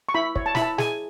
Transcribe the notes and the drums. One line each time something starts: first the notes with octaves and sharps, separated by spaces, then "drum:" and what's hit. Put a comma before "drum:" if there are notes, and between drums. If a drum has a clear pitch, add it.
C#6
E4 B5
C#5, drum: kick
A5
E4 B5, drum: snare
A5
G#4 G#5, drum: snare